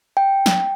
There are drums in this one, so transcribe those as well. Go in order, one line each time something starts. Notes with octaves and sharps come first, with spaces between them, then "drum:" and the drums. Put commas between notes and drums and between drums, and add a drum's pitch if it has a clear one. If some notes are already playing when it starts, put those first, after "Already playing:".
G5
drum: snare